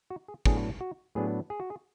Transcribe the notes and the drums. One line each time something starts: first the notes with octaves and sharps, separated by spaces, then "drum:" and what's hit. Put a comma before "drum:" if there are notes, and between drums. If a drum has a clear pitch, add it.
F#4
G#4
A2 F#3 B3 D4 G#4, drum: kick
F#4
A2 F#3 B3 D4 G#4
G#4
F#4
G#4